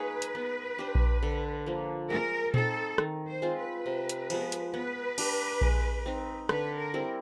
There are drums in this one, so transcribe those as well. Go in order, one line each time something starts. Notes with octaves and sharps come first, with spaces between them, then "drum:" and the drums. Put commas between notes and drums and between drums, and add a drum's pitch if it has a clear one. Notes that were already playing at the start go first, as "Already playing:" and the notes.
Already playing: A#3 D#4 G#4 B4 C#5
drum: hi-hat
B3
D4 G4 C5
drum: kick A#1
D3
F3 A#3
G#3 A#4
C4 D#4 A4, drum: tom A#2
D#3, drum: rim click
C5
G#3 C4 F4
B4
C3
drum: hi-hat
F3 G#3 B3, drum: cymbal
drum: hi-hat
B3 B4
D4 G4 A#4, drum: cymbal
G#3, drum: kick A#1
C4 D#4
D3 B4, drum: rim click
A#4
G3 C4 E4